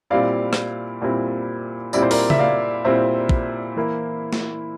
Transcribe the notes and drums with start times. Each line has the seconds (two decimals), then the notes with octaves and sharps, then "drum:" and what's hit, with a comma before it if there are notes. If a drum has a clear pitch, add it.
0.10 A#2 G3 C4 E4 D5 F5
0.53 drum: rim click
1.02 A#2 G3 C4 E4
1.93 A#2 G3 C4 E4 D5, drum: tambourine
2.02 C5
2.11 A#4 D5, drum: open hi-hat
2.30 E5, drum: tom C#3
2.39 D5 F5
2.85 A#2 G3 C4 E4 C5 E5
3.29 drum: kick
3.76 E3 A#3 E4
4.33 drum: snare